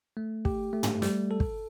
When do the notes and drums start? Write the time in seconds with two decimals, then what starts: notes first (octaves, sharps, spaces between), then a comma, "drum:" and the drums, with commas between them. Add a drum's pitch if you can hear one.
0.17 A3
0.45 G4, drum: kick
0.73 A3
0.83 drum: tom
1.02 G3, drum: snare
1.31 A4
1.40 drum: kick